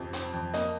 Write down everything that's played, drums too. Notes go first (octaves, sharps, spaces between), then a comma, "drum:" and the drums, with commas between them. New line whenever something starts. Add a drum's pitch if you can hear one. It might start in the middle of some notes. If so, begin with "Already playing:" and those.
Already playing: F2 C3 F3
C4, drum: hi-hat
F2
A#3 D#5, drum: hi-hat